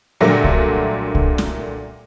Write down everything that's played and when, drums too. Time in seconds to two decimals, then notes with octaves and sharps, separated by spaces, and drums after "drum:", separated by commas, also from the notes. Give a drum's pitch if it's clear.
0.20 A#2 D3 F#3 G3 A3 A#3
0.44 drum: kick C2
1.15 drum: kick C2
1.38 drum: snare